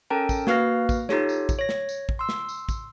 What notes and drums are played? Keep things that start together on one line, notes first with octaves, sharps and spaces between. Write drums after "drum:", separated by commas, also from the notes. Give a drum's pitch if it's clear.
C#4 A4 A#4 G5 A5 A#5
drum: kick, tambourine
A#3 F#4 B4 F5 F6 A#6, drum: snare
drum: kick, tambourine
D#4 F4 G4 A4 C#5, drum: snare
drum: tambourine
drum: kick, tambourine
C#5 A#6
drum: snare
drum: tambourine
drum: kick
C6 E6
drum: snare
drum: tambourine
drum: kick, tambourine